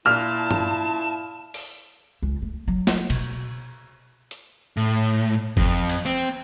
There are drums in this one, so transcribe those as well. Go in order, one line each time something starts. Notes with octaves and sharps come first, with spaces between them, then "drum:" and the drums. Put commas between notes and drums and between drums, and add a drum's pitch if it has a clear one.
A#2 E4 A5 F6
drum: tom G2
drum: open hi-hat
C#2
A3
F#3
drum: snare
B2, drum: cymbal
drum: hi-hat
A2
F2, drum: kick G1
drum: cymbal
C4, drum: hi-hat